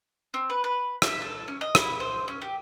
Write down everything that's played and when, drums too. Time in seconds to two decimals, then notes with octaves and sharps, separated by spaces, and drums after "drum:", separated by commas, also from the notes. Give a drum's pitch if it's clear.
0.34 C4
0.50 B4
0.64 B4
1.02 E5, drum: rim click
1.22 A4
1.48 C#4
1.61 D#5
1.75 E4, drum: rim click
2.00 C5
2.28 C#4
2.42 G4